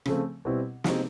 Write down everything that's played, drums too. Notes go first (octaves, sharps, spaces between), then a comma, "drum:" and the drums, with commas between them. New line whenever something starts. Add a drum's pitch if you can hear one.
C#3 F3 A3 C4, drum: rim click
B2 G3 C4 E4
C3 F3 G#3 C4 D#4, drum: snare